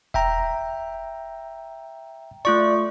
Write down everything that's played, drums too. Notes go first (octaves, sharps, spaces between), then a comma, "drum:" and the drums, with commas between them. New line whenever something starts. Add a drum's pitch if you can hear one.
E5 G5 A#5, drum: kick E1
A3 F4 D5 C#6